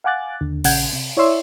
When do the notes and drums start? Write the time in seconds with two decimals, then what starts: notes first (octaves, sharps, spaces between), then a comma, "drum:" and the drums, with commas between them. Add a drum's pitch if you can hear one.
0.04 F5 F#5 G#5 D6 F#6 A6
0.41 D#2 D3
0.64 A#1 C#3 F#5 G6 G#6, drum: open hi-hat
0.93 C3
1.17 E4 C#5 D5 E5 C6 E6